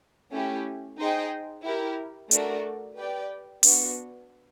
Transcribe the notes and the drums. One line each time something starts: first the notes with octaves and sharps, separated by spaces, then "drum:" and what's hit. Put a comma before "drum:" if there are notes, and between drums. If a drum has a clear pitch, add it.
A3 C#4 E4 G4
D#4 G#4 C5 D#5 G5
E4 G4 A#4
A3 D4 F#4 A#4 D5, drum: hi-hat
G4 B4 D5 G5
B3 D4 F#4, drum: open hi-hat